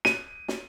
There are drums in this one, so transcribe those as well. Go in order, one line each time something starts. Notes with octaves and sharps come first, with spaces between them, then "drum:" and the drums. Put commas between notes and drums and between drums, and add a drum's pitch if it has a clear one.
D#7, drum: snare
drum: snare